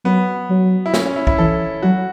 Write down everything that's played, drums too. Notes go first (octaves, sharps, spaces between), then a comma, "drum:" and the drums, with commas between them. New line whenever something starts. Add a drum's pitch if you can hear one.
F#3 B3
F#3
E4
C#4, drum: snare
C#4
E4
E4, drum: kick
E3 A4
F#3 F#4